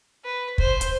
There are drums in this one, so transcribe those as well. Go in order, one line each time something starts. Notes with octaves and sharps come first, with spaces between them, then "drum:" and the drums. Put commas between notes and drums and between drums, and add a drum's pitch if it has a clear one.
B4
C5, drum: kick
drum: hi-hat